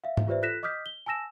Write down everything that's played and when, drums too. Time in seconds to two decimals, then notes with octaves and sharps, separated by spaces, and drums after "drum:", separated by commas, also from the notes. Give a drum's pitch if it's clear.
0.04 E5 F5
0.17 drum: tom G#2
0.27 F4 G4 B4 C5 D5 E5
0.42 F4 A4 F#6 A#6 B6 E7
0.63 D#5 D6 D#6 F6 G6 B6
0.86 G7
1.06 G#5 A5 E6 A#6 E7